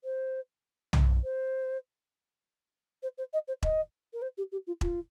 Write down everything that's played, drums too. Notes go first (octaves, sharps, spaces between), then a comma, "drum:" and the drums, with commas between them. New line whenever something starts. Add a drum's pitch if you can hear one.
C5
drum: tom
C5
C5
C5
D#5
C5
D#5, drum: kick E1
A#4
C5
G4
G4
F4
F4, drum: kick E1